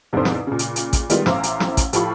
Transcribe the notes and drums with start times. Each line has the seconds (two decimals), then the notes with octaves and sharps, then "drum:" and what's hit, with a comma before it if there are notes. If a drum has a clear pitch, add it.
0.13 E2 G#2 C3 D4 A4 C5
0.25 drum: snare
0.47 A#2 C#3
0.59 drum: hi-hat
0.76 drum: hi-hat
0.93 drum: kick A1, hi-hat
1.10 D#3 G3 G#3 B3 F4, drum: hi-hat
1.26 A1 E4 C5 F5 A#5 D6, drum: snare
1.43 drum: hi-hat
1.60 drum: snare
1.77 drum: kick A1, hi-hat
1.93 A2 F3 G4 F5 B5 C#6, drum: hi-hat